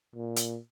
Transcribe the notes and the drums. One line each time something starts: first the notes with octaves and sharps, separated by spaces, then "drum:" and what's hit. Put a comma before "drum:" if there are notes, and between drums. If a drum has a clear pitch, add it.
A#2
drum: hi-hat